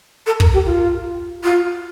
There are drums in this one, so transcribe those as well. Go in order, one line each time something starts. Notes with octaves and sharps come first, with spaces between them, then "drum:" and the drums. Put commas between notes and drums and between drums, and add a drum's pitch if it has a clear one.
A4
A#4, drum: kick
G4
F4
F4